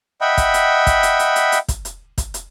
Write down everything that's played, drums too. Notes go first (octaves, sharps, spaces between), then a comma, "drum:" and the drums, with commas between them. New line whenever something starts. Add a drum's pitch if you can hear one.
D#5 E5 F#5 G5 B5
drum: kick, hi-hat
drum: hi-hat
drum: kick, hi-hat
drum: hi-hat
drum: hi-hat
drum: hi-hat
drum: hi-hat
drum: kick, hi-hat
drum: hi-hat
drum: kick, hi-hat
drum: hi-hat